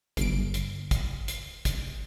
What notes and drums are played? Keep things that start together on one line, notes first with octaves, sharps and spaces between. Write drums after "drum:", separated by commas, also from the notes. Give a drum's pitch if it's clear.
G1 D7, drum: kick, hi-hat
drum: hi-hat
drum: kick, hi-hat
drum: hi-hat
drum: kick, hi-hat